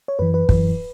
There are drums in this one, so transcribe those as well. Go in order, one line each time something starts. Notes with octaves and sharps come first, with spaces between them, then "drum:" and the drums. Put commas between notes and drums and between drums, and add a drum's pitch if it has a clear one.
C#5
F#2 E3 B4
B4
F#2 E3, drum: kick